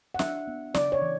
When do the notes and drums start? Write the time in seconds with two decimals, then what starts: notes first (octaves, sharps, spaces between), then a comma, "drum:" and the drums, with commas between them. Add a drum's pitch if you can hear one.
0.14 F#5
0.19 D4 E5, drum: snare
0.48 B3
0.74 C#3 D5, drum: snare
0.92 C#5
1.02 E3